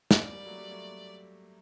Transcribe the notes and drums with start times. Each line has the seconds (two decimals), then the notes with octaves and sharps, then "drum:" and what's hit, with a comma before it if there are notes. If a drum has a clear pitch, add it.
0.11 C4, drum: snare
0.19 G3 A#3 D5
0.32 G3 A#3
0.46 F#3 A3
0.58 G3
0.71 F#3 A3